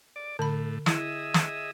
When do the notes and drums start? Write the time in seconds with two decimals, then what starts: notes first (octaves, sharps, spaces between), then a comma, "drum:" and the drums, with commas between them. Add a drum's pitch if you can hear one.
0.16 D5
0.39 A2 D3 B5
0.86 E4 G#4 D#5 E5, drum: snare
1.34 drum: snare